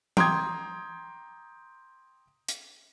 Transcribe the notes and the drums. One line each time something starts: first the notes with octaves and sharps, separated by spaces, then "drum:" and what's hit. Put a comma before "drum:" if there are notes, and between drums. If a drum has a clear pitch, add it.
G5 A#5 C6 D6 D#6 G#6, drum: tom E3
drum: hi-hat